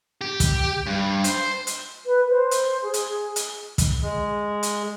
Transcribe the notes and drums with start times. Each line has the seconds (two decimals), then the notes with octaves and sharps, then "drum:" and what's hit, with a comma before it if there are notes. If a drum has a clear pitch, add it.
0.21 G4
0.40 drum: kick, hi-hat
0.86 G2
1.24 C5, drum: hi-hat
1.67 drum: hi-hat
2.06 B4
2.30 C5
2.51 drum: hi-hat
2.83 G#4
2.94 drum: hi-hat
3.36 drum: hi-hat
3.78 drum: kick, hi-hat
4.03 G#3
4.63 drum: hi-hat